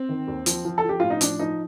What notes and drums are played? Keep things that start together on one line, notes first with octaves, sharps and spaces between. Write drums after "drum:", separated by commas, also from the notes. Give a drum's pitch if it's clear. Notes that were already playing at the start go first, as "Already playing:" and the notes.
Already playing: C4
D#3
D#2
F3, drum: hi-hat
F3
A4
F3
G4
A2 F4
D#4
F3 D4, drum: hi-hat
F3 D#4